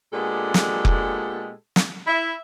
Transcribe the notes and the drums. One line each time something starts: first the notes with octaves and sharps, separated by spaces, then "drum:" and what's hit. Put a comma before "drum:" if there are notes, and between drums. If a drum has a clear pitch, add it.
A#2 G#3 B3 D4 G4 A4
drum: snare
drum: kick F1
drum: snare
E4 E5